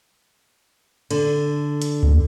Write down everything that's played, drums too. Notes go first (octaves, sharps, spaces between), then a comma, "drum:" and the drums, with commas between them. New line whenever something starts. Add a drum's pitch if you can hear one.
D3, drum: cymbal
drum: hi-hat
drum: kick D2